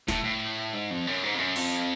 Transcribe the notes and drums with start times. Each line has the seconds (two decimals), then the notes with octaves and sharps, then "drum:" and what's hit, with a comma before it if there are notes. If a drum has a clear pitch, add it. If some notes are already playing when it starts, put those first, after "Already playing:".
0.08 A2, drum: snare
0.24 A2
0.74 G#2
0.91 F2
1.07 F#2
1.23 G#2
1.34 F2
1.39 F#2
1.56 F2, drum: open hi-hat